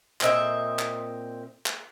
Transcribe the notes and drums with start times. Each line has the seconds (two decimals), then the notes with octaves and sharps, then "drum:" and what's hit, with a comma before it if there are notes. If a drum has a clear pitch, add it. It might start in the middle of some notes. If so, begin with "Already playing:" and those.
0.21 A#2 C4 D#5 E5, drum: clap
0.79 drum: clap
1.66 drum: clap